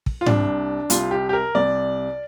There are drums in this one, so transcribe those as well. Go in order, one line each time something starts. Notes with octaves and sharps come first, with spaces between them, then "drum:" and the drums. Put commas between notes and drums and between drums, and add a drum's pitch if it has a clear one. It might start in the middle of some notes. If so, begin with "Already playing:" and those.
drum: kick
F4
C2 C3 D4, drum: tom G#2
C2 C3 F4, drum: hi-hat
G4
G4
A#4
C2 C3 D5